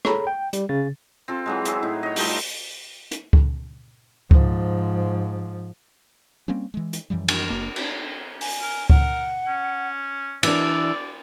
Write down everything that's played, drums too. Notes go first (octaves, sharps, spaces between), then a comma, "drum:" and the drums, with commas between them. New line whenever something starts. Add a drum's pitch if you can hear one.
G#4 A4 C#5 A#5 B5, drum: rim click
G5
G3, drum: hi-hat
C#3 A6
C4 F4 A4
E3 F#3 G#3
F#3 E4 G#4, drum: hi-hat
A2 D#4
C#5 D#5
G3 A3 D#4 F4, drum: open hi-hat
drum: hi-hat
drum: kick C#2
G#2 F3, drum: kick C#2
G3 A#3 C4 C#4
E3 G#3
drum: hi-hat
F#2 E3 F3 G3
drum: cymbal
F#1 A#3
drum: cymbal
G#5, drum: open hi-hat
A#4
A#4 F#5, drum: kick C#2
C#4
E3 D4 D5 E6, drum: cymbal